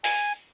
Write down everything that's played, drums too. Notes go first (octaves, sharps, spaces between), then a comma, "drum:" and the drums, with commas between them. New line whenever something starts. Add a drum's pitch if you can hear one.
G#5, drum: open hi-hat